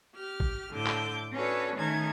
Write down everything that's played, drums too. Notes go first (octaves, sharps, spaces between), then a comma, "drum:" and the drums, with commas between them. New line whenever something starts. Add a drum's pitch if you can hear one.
G4 F6
drum: kick A1
A2 D3 D6 G6
drum: clap
C#4 D4 F#4 A4 B4 C#5
D#3 A3 C#4 D#4 A5 G#6